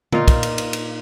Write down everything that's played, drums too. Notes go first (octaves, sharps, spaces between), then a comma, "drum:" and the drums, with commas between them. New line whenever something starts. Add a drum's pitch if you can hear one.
A#2 D#4 F4 F5, drum: tom
drum: kick, cymbal
drum: cymbal
drum: cymbal
drum: cymbal